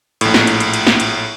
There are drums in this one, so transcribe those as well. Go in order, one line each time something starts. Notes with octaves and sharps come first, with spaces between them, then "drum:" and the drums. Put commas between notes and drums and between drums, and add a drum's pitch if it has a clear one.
A#1 A2, drum: cymbal
drum: snare
drum: cymbal
drum: cymbal
drum: cymbal
drum: snare
drum: cymbal